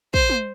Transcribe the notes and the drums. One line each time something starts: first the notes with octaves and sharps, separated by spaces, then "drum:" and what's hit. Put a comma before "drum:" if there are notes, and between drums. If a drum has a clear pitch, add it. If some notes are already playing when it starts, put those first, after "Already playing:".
C5, drum: kick
drum: tom